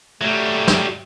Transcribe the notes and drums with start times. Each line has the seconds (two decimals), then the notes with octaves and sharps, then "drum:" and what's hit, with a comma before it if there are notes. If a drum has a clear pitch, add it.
0.21 F#3 G3 A3
0.68 drum: snare